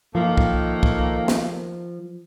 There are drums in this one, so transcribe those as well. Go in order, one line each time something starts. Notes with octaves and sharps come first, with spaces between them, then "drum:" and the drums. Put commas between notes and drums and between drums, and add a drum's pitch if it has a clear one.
D#3 F3 A3 A#3
drum: kick
drum: kick
drum: snare